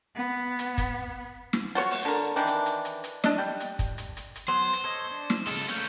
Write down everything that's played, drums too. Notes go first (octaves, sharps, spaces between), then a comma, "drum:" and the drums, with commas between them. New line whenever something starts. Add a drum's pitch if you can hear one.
B3
drum: hi-hat
drum: kick, hi-hat
drum: snare
F4 F#4 C5 C#5
drum: open hi-hat
D3 A#4
D#3 E3 D4
drum: hi-hat
drum: hi-hat
drum: hi-hat
drum: hi-hat
D4 D#5, drum: snare
G3
drum: hi-hat
drum: kick, hi-hat
drum: hi-hat
drum: hi-hat
drum: hi-hat
F#3 B3 C5 C6
drum: hi-hat
A4 C#5 D#5
D4
drum: snare
C#3 G#3 F4 A4, drum: hi-hat
A3 A#3 C#4 B4 G6, drum: hi-hat